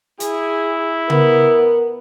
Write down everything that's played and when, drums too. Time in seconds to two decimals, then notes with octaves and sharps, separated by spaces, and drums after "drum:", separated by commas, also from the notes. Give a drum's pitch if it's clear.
0.20 E4 G#4, drum: hi-hat
1.10 B3 A#4, drum: tom C#3